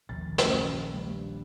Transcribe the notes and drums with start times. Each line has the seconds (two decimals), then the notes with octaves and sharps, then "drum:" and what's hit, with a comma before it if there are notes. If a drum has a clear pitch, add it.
0.09 A#1 D#2 A#2 A6
0.38 F#1 A#4, drum: snare
0.94 G2